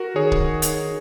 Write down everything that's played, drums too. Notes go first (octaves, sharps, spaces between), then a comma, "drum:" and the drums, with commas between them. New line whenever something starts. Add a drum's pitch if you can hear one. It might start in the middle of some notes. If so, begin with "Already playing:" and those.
Already playing: F#4 A#4
D#3 G#4 C#5
drum: kick
drum: hi-hat